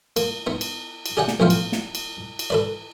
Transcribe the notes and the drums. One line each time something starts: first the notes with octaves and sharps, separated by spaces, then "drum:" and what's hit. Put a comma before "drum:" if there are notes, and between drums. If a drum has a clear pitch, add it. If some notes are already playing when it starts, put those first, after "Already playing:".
A#3, drum: cymbal
B3 D#4
drum: cymbal
drum: cymbal
G4 G#4 D5 F#5 G5
drum: snare
A1 F2 F3 B3 F5 G5
drum: cymbal
drum: snare
drum: cymbal
drum: cymbal
A4 B4 D5